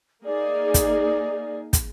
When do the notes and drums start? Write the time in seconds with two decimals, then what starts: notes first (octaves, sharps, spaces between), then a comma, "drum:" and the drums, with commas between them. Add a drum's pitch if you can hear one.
0.25 A#3 D#4 G#4 D5
0.74 drum: kick, hi-hat
1.73 drum: kick, hi-hat